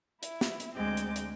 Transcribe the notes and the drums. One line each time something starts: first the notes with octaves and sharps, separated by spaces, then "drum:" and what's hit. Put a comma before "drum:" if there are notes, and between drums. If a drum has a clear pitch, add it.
E4, drum: hi-hat
drum: snare
drum: hi-hat
D2 G#3 C4 D6 G6
drum: hi-hat
drum: hi-hat